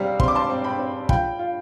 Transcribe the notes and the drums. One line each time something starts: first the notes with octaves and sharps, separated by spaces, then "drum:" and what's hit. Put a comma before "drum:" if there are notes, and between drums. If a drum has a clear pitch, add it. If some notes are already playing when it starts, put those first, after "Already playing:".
Already playing: C3 G3 C4 F5
C4 C6, drum: kick
D6
A5 C6
C4
G5 B5
C4
F4 G5 B5, drum: kick
F4